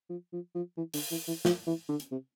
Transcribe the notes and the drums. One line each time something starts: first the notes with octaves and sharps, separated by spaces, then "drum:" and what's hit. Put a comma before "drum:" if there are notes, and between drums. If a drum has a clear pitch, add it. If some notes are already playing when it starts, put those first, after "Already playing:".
F3
F3
F3
E3
D3, drum: open hi-hat
E3
E3
F3, drum: snare
E3
D3
drum: hi-hat
C3